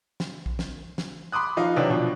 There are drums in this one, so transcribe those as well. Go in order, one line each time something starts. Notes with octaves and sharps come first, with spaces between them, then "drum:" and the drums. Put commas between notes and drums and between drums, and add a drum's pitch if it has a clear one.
drum: snare
drum: kick
drum: snare
drum: snare
B5 C6 D6 D#6 F#6
F3 D#4 F5
C3 E3 F#3 D4 B4
B2 F3 D4